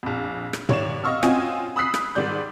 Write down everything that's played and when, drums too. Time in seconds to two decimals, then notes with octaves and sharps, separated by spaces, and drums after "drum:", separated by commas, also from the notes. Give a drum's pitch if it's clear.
0.03 A#1 F2
0.53 drum: rim click
0.69 D#2 C#5 D5 E7, drum: tom
1.04 D#5 F5 C#6 E6 F6
1.23 C4 C#4 F4 F#4 D#5 G#5, drum: rim click
1.76 B5 D#6 E6 F#6 B6 C7
1.94 drum: rim click
2.15 G#2 D#3 G3 D5 G6